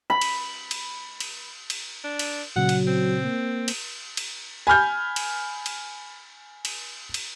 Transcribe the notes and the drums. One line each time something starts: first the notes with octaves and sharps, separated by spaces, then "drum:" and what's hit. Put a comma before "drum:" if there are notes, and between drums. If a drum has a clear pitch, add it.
B5
drum: cymbal
drum: cymbal
drum: cymbal
drum: cymbal
D4
drum: cymbal
A#2 C#3 F#3 F#5
drum: cymbal
C4
A#3
drum: cymbal
drum: cymbal
G#5 B5 F6 G6
drum: cymbal
drum: cymbal
drum: cymbal
drum: cymbal